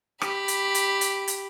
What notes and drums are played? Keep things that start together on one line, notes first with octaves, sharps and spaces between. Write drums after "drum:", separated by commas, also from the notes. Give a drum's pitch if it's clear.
G4 B5, drum: rim click
drum: hi-hat
drum: hi-hat
drum: hi-hat
drum: hi-hat